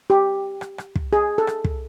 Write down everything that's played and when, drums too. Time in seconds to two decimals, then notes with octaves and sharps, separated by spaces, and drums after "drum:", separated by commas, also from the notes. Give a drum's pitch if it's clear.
0.10 G4
0.61 drum: rim click
0.78 drum: rim click
0.96 drum: kick
1.13 G#4
1.38 A4
1.47 drum: rim click
1.64 drum: kick